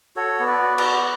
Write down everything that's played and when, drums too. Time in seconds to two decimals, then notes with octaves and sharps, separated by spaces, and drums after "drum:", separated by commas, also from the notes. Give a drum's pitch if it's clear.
0.16 F#4 A4 C#5
0.40 B3
0.47 B4 D5
0.62 F#4
0.78 B4 D5, drum: cymbal
0.85 F#4